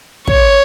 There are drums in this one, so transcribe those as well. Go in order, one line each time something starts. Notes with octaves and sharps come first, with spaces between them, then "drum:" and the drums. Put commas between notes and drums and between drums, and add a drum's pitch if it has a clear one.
C#5, drum: kick